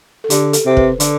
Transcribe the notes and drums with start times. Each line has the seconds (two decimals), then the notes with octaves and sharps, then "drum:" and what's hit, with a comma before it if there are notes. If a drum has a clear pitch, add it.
0.24 A4
0.30 D3 G4, drum: hi-hat
0.53 A4, drum: hi-hat
0.66 C3
0.71 C5
0.77 B4, drum: kick
1.00 D3 A4, drum: hi-hat